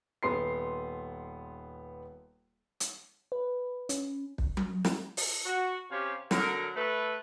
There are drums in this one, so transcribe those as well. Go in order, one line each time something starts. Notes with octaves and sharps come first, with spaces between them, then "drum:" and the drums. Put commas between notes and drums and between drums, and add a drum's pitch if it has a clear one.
D#1 B3 C6 C7
drum: hi-hat
B4
C#4, drum: hi-hat
drum: kick
drum: tom F#3
drum: snare
drum: open hi-hat
F#4
C3 C#4 G4 C#5 F5
D3 F#3 A#4, drum: snare
A3 B4